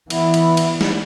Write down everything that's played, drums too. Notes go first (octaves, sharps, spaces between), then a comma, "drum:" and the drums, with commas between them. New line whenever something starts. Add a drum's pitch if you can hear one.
E3 B3 E4, drum: cymbal
drum: cymbal
drum: cymbal
drum: snare